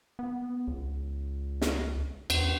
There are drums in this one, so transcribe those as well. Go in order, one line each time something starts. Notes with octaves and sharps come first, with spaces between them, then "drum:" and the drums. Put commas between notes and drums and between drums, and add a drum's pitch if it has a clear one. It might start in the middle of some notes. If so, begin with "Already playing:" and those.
B3
C#2
drum: snare
E2, drum: cymbal